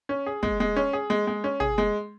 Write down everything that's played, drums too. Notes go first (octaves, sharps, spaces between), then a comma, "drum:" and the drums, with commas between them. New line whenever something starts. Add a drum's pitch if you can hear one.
C#4
G#4
G#3, drum: kick
G#3
C#4
G#4
G#3
G#3
C#4
G#4, drum: tom
G#3